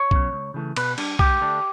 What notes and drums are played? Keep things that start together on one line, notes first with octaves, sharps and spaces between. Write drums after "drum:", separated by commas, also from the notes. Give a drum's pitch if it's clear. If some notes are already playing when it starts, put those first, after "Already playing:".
Already playing: C#5
B2 F#3 C#4, drum: kick
C#2
C#3 E3 A3
B2 B4, drum: cymbal
G3 D4, drum: cymbal
G2 G4, drum: kick
D3 A3 D4